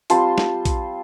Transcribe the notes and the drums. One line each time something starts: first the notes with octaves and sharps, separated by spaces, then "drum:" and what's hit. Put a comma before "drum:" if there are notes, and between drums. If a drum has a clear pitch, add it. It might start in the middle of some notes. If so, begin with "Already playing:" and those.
G3 C4 F4 A5 C6, drum: hi-hat
drum: snare
drum: kick A#1, hi-hat